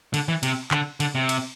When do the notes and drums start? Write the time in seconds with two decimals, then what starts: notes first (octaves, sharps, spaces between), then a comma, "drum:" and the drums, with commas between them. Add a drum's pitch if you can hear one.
0.14 D3, drum: cymbal
0.28 E3
0.43 C3, drum: cymbal
0.71 D3, drum: clap
1.00 D3, drum: cymbal
1.15 C3
1.29 drum: cymbal